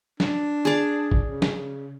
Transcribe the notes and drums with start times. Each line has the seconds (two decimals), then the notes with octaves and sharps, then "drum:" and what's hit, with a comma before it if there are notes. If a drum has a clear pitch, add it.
0.20 D4, drum: snare
0.65 G#4 D5
1.12 drum: kick
1.26 C#3
1.42 drum: snare